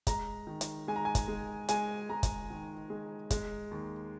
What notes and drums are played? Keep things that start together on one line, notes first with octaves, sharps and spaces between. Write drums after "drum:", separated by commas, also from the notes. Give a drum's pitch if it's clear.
G#3 A#5, drum: kick, hi-hat
D#3
drum: hi-hat
G#3 G#5
A#5
G#5
drum: kick, hi-hat
G#3
G#3 G#5, drum: hi-hat
G#3 A#5
drum: kick, hi-hat
D#3
G#3
G#3, drum: kick, hi-hat
D#2